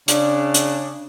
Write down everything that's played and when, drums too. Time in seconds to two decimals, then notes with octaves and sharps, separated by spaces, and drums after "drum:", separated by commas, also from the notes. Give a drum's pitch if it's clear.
0.08 C#3 D4, drum: hi-hat
0.54 drum: hi-hat